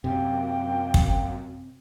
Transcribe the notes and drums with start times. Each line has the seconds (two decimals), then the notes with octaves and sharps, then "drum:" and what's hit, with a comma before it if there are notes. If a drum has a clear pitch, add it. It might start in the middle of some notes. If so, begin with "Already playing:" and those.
0.04 F#2 C3 A#3 G5
0.94 drum: kick